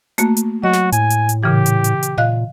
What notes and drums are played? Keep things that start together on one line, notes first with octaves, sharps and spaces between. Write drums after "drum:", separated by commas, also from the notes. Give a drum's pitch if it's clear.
A3 A#3 F#4, drum: hi-hat
drum: hi-hat
F#3 F#4 D#5
drum: snare
A2 G#5, drum: hi-hat
drum: hi-hat
drum: hi-hat
A#2 C#3 E3 G4
drum: hi-hat
drum: hi-hat
drum: hi-hat
A#2 D#5 F5 F#6